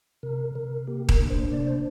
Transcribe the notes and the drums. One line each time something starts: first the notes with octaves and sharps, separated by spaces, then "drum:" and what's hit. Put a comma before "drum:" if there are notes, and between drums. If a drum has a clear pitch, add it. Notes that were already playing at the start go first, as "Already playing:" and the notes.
C3 A#4
C3 A#4
A#3 G4
A#4, drum: kick D#1
D4
C5
C3 D5
C5